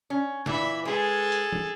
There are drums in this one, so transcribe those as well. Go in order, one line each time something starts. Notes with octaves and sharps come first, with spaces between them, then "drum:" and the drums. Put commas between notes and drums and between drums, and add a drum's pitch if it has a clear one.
C#4
A#2 E3 E5 B5, drum: snare
G#3 G#4 A4 B4
drum: hi-hat
drum: tom